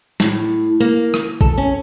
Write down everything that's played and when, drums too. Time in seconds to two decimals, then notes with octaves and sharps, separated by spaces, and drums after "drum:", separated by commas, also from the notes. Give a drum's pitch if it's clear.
0.20 A2, drum: snare
0.80 A#3
1.14 drum: rim click
1.41 A4, drum: kick A1
1.58 C#4